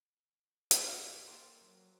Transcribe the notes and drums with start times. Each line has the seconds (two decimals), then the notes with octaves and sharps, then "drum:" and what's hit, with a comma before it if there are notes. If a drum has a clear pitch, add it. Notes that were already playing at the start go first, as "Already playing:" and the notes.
0.71 drum: hi-hat
1.28 A#3 A4 C5 G5 C6
1.61 F#3